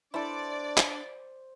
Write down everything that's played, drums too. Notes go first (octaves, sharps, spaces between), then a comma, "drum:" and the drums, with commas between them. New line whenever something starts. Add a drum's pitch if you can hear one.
D4 E4 A4 C5 D5
drum: clap